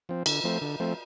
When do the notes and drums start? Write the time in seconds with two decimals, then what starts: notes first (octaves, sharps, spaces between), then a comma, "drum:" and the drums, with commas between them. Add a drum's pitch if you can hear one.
0.09 F3 C4
0.26 D3, drum: cymbal
0.44 F3 A3 C4
0.62 D3
0.80 F3 A3 C4